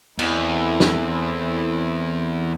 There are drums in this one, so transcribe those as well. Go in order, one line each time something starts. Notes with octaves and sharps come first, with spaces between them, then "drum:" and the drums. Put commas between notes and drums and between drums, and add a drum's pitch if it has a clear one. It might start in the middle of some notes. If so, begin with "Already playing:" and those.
E2 C4 E4 A4, drum: cymbal
drum: snare